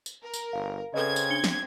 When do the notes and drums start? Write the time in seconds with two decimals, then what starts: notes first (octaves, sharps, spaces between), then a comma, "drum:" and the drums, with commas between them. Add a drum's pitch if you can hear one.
0.06 drum: tambourine
0.22 A#4
0.34 drum: tambourine
0.53 G1 F5
0.94 C#3 C4 A4 B4 D#5 G#6
1.16 drum: tambourine
1.30 D4 C#7 G7
1.44 drum: snare